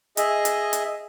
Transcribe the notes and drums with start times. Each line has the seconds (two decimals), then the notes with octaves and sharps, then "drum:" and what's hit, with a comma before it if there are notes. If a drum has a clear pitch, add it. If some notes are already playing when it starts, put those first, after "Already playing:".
0.17 G#4 D#5 E5, drum: hi-hat
0.45 drum: hi-hat
0.73 drum: hi-hat